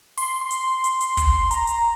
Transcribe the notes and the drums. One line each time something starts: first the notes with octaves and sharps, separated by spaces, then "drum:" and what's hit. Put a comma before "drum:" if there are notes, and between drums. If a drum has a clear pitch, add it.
C6, drum: open hi-hat
C6
drum: hi-hat
drum: hi-hat
drum: hi-hat
drum: kick, hi-hat
A#5, drum: hi-hat
drum: hi-hat